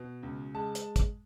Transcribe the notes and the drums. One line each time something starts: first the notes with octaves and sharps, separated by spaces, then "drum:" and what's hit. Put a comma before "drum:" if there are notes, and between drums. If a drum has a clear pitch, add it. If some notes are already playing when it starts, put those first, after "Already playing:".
Already playing: B2
C#2
G#3 A5
drum: hi-hat
drum: kick, hi-hat